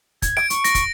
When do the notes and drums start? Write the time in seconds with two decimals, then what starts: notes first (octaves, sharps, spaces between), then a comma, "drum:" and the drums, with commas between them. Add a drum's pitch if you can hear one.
0.22 G#6, drum: kick, hi-hat
0.37 D7, drum: rim click
0.50 C#6, drum: hi-hat
0.64 A#6, drum: hi-hat
0.75 drum: kick, hi-hat